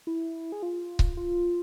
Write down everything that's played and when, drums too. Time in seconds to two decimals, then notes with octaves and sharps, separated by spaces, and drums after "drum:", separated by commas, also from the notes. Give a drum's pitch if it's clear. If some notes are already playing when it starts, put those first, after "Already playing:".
0.07 E4
0.52 G#4
0.63 F4
0.99 drum: kick C#1
1.17 F4